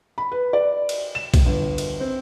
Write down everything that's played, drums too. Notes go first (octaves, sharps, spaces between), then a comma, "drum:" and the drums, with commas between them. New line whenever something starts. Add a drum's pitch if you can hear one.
B5
B4
D5
drum: cymbal
E7
drum: kick, cymbal
G1
drum: cymbal
C4